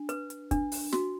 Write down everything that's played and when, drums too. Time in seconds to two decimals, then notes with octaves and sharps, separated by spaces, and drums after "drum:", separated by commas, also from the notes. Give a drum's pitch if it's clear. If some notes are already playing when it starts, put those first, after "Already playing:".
Already playing: D4
0.09 B4, drum: hi-hat
0.30 drum: hi-hat
0.51 D4, drum: kick, hi-hat
0.72 drum: open hi-hat
0.93 F#4, drum: snare